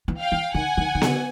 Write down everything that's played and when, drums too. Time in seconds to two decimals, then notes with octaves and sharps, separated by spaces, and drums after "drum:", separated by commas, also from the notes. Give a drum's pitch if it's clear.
0.08 E3
0.20 F5 G5
0.32 E3
0.54 D#3 F#5 G#5
0.77 D#3
0.95 D#3
1.02 D3, drum: snare B3